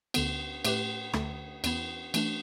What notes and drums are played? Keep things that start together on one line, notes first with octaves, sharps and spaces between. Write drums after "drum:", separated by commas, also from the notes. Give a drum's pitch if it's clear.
D2 D3 B3, drum: cymbal
A2 A3 G4 B4, drum: cymbal
D2 D3 A3, drum: rim click
E2 E3 B3 E4, drum: cymbal
E3 A3 D4, drum: cymbal